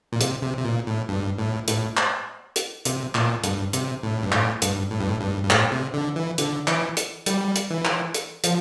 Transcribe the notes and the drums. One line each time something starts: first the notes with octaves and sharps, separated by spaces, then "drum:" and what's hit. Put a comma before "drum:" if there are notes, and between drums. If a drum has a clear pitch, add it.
A#2
C3, drum: hi-hat
C3
C3
A#2
A2
G2
A2
A2, drum: hi-hat
drum: clap
drum: hi-hat
C3, drum: hi-hat
A#2, drum: clap
G2, drum: hi-hat
C3, drum: hi-hat
A2
G2
A2, drum: clap
G2, drum: hi-hat
A2
G2
A2
G2
G2
A2, drum: clap
C3
D3
E3
D3, drum: hi-hat
E3, drum: clap
drum: hi-hat
G3, drum: hi-hat
drum: hi-hat
E3
drum: clap
drum: hi-hat
F3, drum: hi-hat